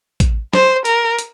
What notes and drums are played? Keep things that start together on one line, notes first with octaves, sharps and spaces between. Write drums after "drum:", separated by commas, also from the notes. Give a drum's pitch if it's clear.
drum: kick, hi-hat
C5, drum: snare
A#4, drum: hi-hat
drum: hi-hat